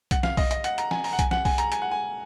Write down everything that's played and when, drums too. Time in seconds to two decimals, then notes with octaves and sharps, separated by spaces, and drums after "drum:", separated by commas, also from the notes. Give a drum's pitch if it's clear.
0.11 F#5, drum: kick B1, hi-hat
0.23 F5, drum: snare
0.37 D#5, drum: kick B1, open hi-hat
0.51 D#5, drum: hi-hat
0.64 F#5, drum: hi-hat
0.78 A#5, drum: hi-hat
0.91 G#5, drum: snare
1.04 A#5, drum: open hi-hat
1.13 F#5
1.19 G#5, drum: kick B1, hi-hat
1.31 F#5, drum: snare
1.45 G#5, drum: kick B1, open hi-hat
1.58 A#5, drum: hi-hat
1.72 G#5, drum: hi-hat
1.82 F#5
1.91 G#5